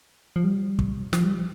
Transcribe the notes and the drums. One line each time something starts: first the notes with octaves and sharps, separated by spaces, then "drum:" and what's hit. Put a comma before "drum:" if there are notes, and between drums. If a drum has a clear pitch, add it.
F3
G3
drum: kick
F3, drum: snare
G3
F3